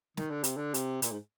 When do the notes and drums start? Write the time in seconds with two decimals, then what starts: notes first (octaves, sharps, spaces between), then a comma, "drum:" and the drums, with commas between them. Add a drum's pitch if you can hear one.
0.17 D#3, drum: snare
0.30 D3
0.44 C3, drum: hi-hat
0.56 D3
0.74 C3, drum: hi-hat
1.02 A#2, drum: hi-hat
1.12 G#2